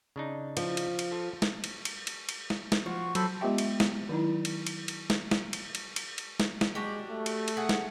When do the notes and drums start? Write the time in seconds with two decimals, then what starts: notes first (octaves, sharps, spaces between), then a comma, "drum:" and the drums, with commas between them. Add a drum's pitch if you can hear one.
0.16 C#3 D4 D#4
0.57 F3, drum: cymbal
0.77 drum: cymbal
0.99 drum: cymbal
1.12 F4 A4
1.42 drum: snare
1.64 drum: cymbal
1.85 drum: cymbal
2.07 drum: cymbal
2.29 drum: cymbal
2.50 drum: snare
2.72 drum: snare
2.86 F3 F#4 C#6
3.15 F#3 B3 A4 C5 B5, drum: cymbal
3.41 G#3 B3 F4 G4 E5 G5
3.58 drum: cymbal
3.80 drum: snare
4.09 D#3 F#3 D#4 E4
4.45 drum: cymbal
4.67 drum: cymbal
4.88 drum: cymbal
5.10 drum: snare
5.31 drum: snare
5.53 drum: cymbal
5.75 drum: cymbal
5.96 drum: cymbal
6.18 drum: cymbal
6.40 drum: snare
6.61 drum: snare
6.75 G#3 D4 F#4 G4
7.10 A3
7.26 drum: cymbal
7.48 drum: cymbal
7.57 G#4 F#5
7.69 drum: snare